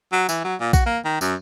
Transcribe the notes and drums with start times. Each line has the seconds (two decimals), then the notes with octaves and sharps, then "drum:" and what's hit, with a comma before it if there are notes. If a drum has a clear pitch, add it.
0.12 F#3
0.29 E3, drum: tambourine
0.44 F#3
0.60 A#2
0.73 F#4, drum: kick A#1, tambourine
0.86 A#3
1.05 D#3
1.21 F#2, drum: tambourine